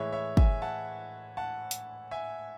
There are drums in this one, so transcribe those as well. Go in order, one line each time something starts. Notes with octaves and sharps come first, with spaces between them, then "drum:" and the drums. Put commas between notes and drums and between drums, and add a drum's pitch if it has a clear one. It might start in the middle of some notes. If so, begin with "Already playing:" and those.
Already playing: A2 E3 G#3 C#5 E5
C#5 E5
E5 G#5, drum: kick
F#5 A5
F#5 A5
drum: hi-hat
E5 G#5